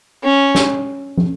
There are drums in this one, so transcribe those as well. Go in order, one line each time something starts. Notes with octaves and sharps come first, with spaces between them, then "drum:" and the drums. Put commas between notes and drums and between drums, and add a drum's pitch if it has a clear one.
C#4
drum: snare
drum: tom